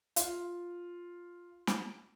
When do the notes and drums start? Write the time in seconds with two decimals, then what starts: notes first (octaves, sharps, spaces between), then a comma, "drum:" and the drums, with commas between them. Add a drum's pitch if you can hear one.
0.16 F4, drum: hi-hat
1.67 drum: snare